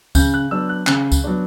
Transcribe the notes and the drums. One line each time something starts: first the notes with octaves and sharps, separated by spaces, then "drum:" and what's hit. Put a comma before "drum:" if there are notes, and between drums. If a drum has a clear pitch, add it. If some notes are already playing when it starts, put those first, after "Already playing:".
C#3 G6, drum: kick C#2, tambourine
F#6
F#3 B3 D4 E6
F#6
C#3 F#6, drum: clap
drum: kick C#2, tambourine
F#3 B3 D4